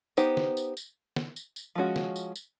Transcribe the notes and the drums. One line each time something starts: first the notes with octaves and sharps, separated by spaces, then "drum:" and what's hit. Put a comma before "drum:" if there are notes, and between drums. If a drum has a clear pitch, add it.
B3 D#4 G4 C5, drum: tambourine
drum: snare
drum: tambourine
drum: tambourine
drum: snare
drum: tambourine
drum: tambourine
F3 G#3 C#4 F#4
drum: snare
drum: tambourine
drum: tambourine